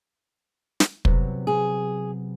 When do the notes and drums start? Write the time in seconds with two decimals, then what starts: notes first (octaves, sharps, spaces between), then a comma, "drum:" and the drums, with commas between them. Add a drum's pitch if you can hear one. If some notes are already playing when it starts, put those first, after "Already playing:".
0.80 drum: snare
1.05 C3 F#3 B3, drum: kick
1.47 G#4